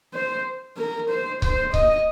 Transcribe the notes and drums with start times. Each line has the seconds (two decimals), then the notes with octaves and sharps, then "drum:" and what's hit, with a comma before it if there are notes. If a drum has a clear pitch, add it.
0.14 C5
0.77 A#4
1.10 C5
1.42 C5, drum: kick C#1
1.74 D#5, drum: kick C#1